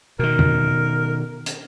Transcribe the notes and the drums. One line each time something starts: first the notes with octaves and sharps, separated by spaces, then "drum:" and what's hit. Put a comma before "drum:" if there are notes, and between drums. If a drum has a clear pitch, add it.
B2 D#3 A#4
drum: tom
drum: hi-hat